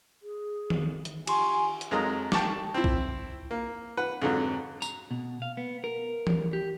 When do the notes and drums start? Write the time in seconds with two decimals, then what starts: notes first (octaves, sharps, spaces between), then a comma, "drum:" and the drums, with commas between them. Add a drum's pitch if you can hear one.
0.23 G#4
0.70 drum: tom D#3
1.05 drum: hi-hat
1.27 G4 G#5 C6 C#6, drum: cymbal
1.81 drum: hi-hat
1.91 F2 F#3 G#3 A#4 A#5 D#6
2.32 G5 A5 C#6 D6, drum: snare
2.74 C4 E4
2.84 drum: kick B1
3.51 A#3
3.97 B4 F#5
4.22 F2 G#2 D3 F#3
4.82 A#5, drum: tambourine
5.11 B2
5.42 F5
5.57 B3
5.84 A#4
6.27 drum: tom E3
6.53 G4